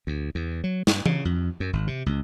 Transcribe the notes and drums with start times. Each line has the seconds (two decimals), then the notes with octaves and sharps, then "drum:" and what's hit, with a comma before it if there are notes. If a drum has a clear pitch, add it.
0.07 D2
0.35 E2
0.64 F#3
0.87 G2, drum: snare
1.06 C#3, drum: tom E3
1.25 F2
1.60 F#2
1.73 G#1
1.87 C3
2.06 C#2